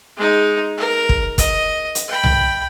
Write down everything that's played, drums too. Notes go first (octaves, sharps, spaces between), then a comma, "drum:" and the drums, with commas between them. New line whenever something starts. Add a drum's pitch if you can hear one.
G#3 D#4
A#4
drum: kick
D#5, drum: kick, hi-hat
drum: hi-hat
G5 B5
drum: tom C2